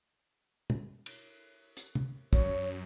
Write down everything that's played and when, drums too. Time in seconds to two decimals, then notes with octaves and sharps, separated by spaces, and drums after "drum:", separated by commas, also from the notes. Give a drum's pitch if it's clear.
0.70 drum: tom
1.06 drum: cymbal
1.77 drum: hi-hat
1.95 drum: tom
2.33 F#2 C#5, drum: kick